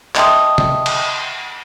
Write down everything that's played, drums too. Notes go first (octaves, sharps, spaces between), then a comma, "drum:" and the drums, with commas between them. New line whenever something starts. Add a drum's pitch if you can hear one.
D#5 E5 G5 A5 C6 D#6, drum: clap
drum: tom C3
drum: cymbal